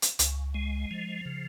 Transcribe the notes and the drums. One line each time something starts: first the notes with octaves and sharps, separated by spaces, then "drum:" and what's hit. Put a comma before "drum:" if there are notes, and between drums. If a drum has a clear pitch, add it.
drum: hi-hat
C#2, drum: hi-hat
G#3
F3
C#3